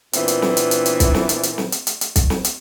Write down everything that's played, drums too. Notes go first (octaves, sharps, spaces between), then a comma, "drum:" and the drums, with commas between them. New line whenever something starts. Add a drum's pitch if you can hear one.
A#2 E3 B3 C4 D4, drum: hi-hat
drum: hi-hat
drum: snare
drum: hi-hat
drum: hi-hat
drum: hi-hat
drum: kick B1, hi-hat
drum: snare
drum: hi-hat
drum: hi-hat
drum: snare
drum: hi-hat
drum: hi-hat
drum: hi-hat
drum: kick B1, hi-hat
drum: snare
drum: hi-hat